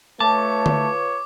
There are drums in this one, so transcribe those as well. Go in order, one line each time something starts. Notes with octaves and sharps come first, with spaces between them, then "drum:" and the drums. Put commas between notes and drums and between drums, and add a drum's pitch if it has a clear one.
A3 F4 B4 C#5 A5 D6
drum: tom D3